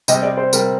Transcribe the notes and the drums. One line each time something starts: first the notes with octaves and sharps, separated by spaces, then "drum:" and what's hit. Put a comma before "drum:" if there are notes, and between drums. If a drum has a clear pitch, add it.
C3 G3 C4 D#5, drum: tambourine
D5
C5
C3 G3 C4 A#4, drum: tambourine